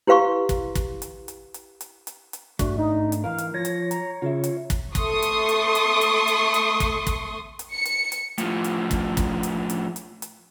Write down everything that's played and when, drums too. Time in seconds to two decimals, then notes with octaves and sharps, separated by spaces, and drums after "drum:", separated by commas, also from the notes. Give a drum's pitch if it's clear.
0.07 E4 G4 B4 F5 C6 C#6
0.49 drum: kick, hi-hat
0.75 drum: kick, hi-hat
1.02 drum: hi-hat
1.28 drum: hi-hat
1.54 drum: hi-hat
1.81 drum: hi-hat
2.07 drum: hi-hat
2.33 drum: hi-hat
2.59 G2 A3 D4 F#4, drum: kick, hi-hat
2.77 G#2 D#4
3.12 drum: hi-hat
3.24 E3 A#4 F5
3.38 drum: hi-hat
3.54 F3 C#5 A#6
3.65 drum: hi-hat
3.91 A#5, drum: hi-hat
4.22 C#3 F4 E5
4.44 drum: hi-hat
4.70 drum: kick, hi-hat
4.95 A3 C6 C#6 D#6, drum: kick, hi-hat
5.22 drum: hi-hat
5.49 drum: hi-hat
5.75 drum: hi-hat
6.01 drum: hi-hat
6.28 drum: hi-hat
6.54 drum: hi-hat
6.80 drum: kick, hi-hat
7.07 drum: kick, hi-hat
7.59 drum: hi-hat
7.75 C#7
7.85 drum: hi-hat
8.12 drum: hi-hat
8.38 A2 F3, drum: hi-hat
8.64 drum: hi-hat
8.91 drum: kick, hi-hat
9.17 drum: kick, hi-hat
9.43 drum: hi-hat
9.70 drum: hi-hat
9.96 drum: hi-hat
10.22 drum: hi-hat